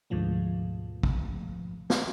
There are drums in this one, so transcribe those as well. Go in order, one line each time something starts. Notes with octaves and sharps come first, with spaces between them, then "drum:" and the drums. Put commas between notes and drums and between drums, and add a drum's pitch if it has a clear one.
D2 G#2 B2 F3 A3
drum: kick
drum: snare